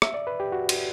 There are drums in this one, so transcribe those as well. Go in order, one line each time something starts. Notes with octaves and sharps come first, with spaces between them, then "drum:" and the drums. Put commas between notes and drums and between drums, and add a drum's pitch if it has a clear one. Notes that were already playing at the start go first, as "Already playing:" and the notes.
E5, drum: rim click
D5
B4
G4
F#4
drum: cymbal